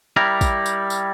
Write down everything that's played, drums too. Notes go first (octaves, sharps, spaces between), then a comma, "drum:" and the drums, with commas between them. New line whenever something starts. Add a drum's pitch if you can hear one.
G3 E4 A#4
drum: kick, tambourine
drum: tambourine
drum: tambourine